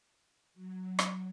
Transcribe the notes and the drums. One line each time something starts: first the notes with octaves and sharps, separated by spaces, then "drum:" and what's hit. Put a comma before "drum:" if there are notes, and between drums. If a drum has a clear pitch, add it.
F#3
drum: rim click